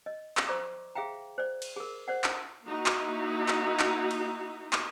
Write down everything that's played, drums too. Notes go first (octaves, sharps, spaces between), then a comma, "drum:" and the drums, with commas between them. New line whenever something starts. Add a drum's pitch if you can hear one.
D#5
drum: clap
C5 D5 A#5 C#6 D6
G#4 E5 F5 G5 A#5
C5 D5
drum: cymbal
G#4 A#4
C5 D5 F#5
drum: clap
A#3 D#4 E4 F#4
drum: clap
drum: clap
drum: clap
drum: cymbal
drum: clap